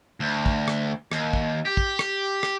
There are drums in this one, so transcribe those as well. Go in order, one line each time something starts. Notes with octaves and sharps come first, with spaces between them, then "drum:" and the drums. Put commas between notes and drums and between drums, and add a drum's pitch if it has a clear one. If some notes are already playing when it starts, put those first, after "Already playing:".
D2
drum: kick
drum: rim click
D#2, drum: rim click
drum: kick
G4
drum: kick
drum: rim click
drum: rim click